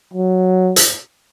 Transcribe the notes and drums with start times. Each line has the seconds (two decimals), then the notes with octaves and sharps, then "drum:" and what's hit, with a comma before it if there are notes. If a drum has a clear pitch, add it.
0.13 F#3
0.76 drum: hi-hat